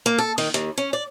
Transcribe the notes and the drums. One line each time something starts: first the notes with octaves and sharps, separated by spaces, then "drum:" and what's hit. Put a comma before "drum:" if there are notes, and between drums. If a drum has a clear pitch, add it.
A#3
A4
D#3, drum: open hi-hat
D#2, drum: hi-hat
C#4
D5